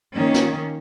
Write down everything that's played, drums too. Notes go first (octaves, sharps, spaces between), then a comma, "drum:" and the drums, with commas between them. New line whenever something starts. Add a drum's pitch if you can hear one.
D#3 A#3 C#4
drum: snare